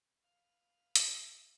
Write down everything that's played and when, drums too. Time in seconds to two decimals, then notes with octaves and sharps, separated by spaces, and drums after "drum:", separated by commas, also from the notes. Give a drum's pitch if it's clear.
0.22 B4 F5
0.96 drum: hi-hat